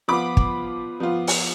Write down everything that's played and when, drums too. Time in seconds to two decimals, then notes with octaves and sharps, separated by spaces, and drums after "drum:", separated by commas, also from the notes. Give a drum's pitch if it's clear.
0.08 F3 B3 F4 B5 D6
0.37 drum: kick
1.00 F3 B3 F4
1.27 drum: open hi-hat